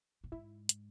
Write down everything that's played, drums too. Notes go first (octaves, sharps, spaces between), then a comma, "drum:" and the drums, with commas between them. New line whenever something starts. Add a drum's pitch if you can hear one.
A2
G#2 E4
drum: hi-hat